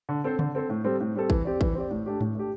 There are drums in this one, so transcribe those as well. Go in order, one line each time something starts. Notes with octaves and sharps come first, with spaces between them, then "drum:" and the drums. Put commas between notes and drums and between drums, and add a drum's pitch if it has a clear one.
D3
C4 A4 C5
D3, drum: tom C#3
C4 A4 C5
A2
G3 C4 A4
A2
G3 C4 A4
E3, drum: kick
C4 G4 D5
E3, drum: kick
C4 G4 D5
A2
A3 D4 G4
A2, drum: tom G#2
A3 D4 G4